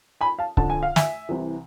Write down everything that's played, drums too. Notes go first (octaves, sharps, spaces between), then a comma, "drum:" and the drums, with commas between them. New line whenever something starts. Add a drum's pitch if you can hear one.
G#5 B5
F5 A5
F2 D3 A5, drum: kick C#1
G#5
F5
E5 G#5, drum: snare
C2 C3 E3